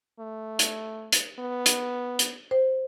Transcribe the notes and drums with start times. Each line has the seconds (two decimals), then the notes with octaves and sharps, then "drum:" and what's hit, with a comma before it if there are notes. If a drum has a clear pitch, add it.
0.20 A3
0.59 drum: hi-hat
1.12 drum: hi-hat
1.39 B3
1.66 drum: hi-hat
2.19 drum: hi-hat
2.51 C5